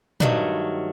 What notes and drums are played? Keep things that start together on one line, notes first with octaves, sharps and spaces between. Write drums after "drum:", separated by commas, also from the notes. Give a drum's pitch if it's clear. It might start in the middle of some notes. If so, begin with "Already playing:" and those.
G2 D#3 F#3 A3, drum: tom A#2